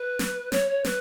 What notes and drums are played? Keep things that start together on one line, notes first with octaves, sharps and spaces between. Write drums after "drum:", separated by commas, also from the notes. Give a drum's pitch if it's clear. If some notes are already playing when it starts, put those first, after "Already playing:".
Already playing: B4
drum: snare
C#5, drum: snare
C#5
B4, drum: snare